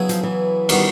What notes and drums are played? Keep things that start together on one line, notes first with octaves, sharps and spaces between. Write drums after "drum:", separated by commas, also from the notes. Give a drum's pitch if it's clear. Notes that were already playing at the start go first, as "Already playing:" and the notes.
Already playing: C#3 F#3 B3 E4 G#4
F3, drum: hi-hat
E3
D#3 G3 B3 D#4 F#4, drum: cymbal